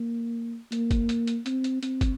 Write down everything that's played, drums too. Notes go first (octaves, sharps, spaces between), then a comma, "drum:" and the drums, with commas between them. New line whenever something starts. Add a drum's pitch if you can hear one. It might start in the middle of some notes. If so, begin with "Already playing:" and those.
Already playing: A#3
A#3, drum: hi-hat
drum: kick, hi-hat
drum: hi-hat
drum: hi-hat
C4, drum: hi-hat
drum: hi-hat
C4, drum: hi-hat
drum: kick, hi-hat